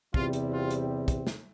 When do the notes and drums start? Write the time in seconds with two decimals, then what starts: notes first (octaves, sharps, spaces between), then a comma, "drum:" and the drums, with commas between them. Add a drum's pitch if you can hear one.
0.14 E2 C3 G3 C4 E4 F4, drum: kick
0.33 drum: hi-hat
0.52 F4
0.71 drum: hi-hat
1.08 drum: kick, hi-hat
1.27 drum: snare